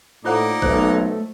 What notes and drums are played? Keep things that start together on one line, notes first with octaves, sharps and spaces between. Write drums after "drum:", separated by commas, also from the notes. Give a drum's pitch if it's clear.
A2 A#3 D#4 F4 C5 D5 F#5
B1 A3 C5, drum: kick G#1